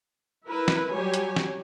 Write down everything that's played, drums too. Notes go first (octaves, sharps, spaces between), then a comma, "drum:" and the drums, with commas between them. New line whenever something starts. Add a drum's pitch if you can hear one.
E4 A#4 B4
drum: snare
F#3 G3 G4 C#5 G#5
drum: hi-hat
drum: snare